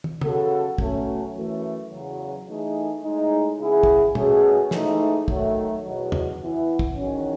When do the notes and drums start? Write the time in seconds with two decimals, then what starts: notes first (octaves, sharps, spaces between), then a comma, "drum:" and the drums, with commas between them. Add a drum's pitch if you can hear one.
0.04 drum: tom
0.21 C#3 F#3 B3 F#4 A4, drum: tom
0.78 B2 F#3 A3 C#4, drum: kick
1.34 F#2 E3 A3
1.90 E2 C#3 F#3
2.47 E3 A3 D#4 G#4
3.02 A2 G#3 D#4
3.58 C#3 G#3 B3 E4 G#4
3.83 drum: kick
4.15 B2 F#3 A3 C#4 G#4, drum: tom
4.71 G#2 E3 A3 D#4 A4, drum: snare
5.28 D#3 F#3 A3, drum: kick
5.83 E2 B2 F#3
6.12 drum: tom
6.40 E3 B3 E4
6.79 drum: kick
6.96 E2 D#3 F#3 C#4